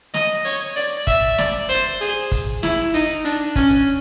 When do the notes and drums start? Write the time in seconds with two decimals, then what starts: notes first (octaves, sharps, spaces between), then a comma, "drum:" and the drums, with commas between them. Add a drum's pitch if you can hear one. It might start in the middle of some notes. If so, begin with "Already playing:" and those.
0.14 D#5, drum: snare
0.45 C#5, drum: hi-hat
0.76 D5, drum: hi-hat
1.07 E5, drum: kick, hi-hat
1.38 D5, drum: snare
1.69 C5, drum: hi-hat
2.01 G#4, drum: hi-hat
2.32 drum: kick, hi-hat
2.63 E4, drum: snare
2.94 D#4, drum: hi-hat
3.25 D4, drum: hi-hat
3.56 C#4, drum: kick, hi-hat